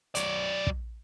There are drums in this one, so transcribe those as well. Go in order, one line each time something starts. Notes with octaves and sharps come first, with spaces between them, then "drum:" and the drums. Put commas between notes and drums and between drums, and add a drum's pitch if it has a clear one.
F#3 D5, drum: hi-hat
drum: kick